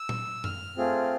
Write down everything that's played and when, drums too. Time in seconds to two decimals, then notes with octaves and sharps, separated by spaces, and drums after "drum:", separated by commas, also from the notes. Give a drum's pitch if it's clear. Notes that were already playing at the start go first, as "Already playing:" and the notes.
Already playing: E6
0.09 drum: tom A#2
0.44 F6, drum: tom F#2
0.77 A3 C4 F4 G#4